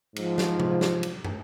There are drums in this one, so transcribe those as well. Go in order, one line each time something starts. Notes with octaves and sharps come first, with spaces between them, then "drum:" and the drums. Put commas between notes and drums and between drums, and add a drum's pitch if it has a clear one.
G#2 F3, drum: cymbal
drum: snare
drum: tom C3
drum: snare
drum: cymbal
drum: tom